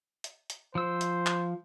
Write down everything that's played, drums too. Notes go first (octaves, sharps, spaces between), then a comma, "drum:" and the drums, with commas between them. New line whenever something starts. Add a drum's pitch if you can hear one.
drum: hi-hat
drum: hi-hat
F3 C5 E6
drum: hi-hat
drum: clap